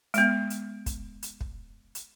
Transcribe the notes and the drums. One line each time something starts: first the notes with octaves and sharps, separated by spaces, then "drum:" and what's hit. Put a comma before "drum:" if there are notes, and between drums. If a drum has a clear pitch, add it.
G#3 B3, drum: hi-hat
drum: hi-hat
drum: kick, hi-hat
drum: hi-hat
drum: kick
drum: hi-hat